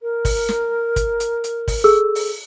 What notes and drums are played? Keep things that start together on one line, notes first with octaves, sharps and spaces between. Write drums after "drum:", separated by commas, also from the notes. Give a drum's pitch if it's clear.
A#4
drum: kick, open hi-hat
drum: snare
drum: kick, hi-hat
drum: hi-hat
drum: hi-hat
drum: kick, open hi-hat
G#4 A4 E6
drum: open hi-hat